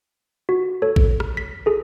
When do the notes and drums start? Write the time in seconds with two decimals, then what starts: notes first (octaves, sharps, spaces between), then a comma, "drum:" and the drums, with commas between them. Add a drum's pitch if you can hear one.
0.49 F#4
0.82 A4 C#5
0.96 drum: kick A1
1.20 drum: rim click
1.37 B6
1.66 G#4 A4